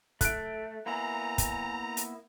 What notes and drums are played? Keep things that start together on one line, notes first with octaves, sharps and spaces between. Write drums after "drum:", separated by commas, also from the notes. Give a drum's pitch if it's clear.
A3 E5 F#6 D7, drum: kick, hi-hat
A#3 B3 E4 G#5 A#5
drum: kick, hi-hat
drum: hi-hat